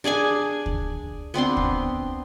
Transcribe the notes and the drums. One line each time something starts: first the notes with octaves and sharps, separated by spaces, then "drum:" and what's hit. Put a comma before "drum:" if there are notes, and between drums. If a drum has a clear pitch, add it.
D4 G#4 D5 G#5
drum: kick
B3 C4 D4 C6
drum: kick